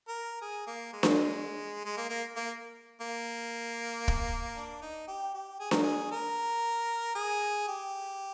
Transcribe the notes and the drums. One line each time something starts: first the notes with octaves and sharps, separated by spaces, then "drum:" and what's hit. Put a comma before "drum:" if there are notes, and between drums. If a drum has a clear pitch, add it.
A#4
G#4
A#3
G#3
drum: snare D4
G#3
A#3
A#3
A#3
A#3
drum: kick
D4
D#4
G4
G4
G#4
A#4, drum: snare D4
G#4
A#4
G#4
G4